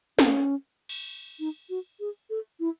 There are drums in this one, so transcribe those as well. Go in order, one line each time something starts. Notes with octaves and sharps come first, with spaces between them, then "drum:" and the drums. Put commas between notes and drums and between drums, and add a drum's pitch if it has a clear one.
C#4, drum: snare
drum: cymbal
D#4
F#4
G#4
A4
E4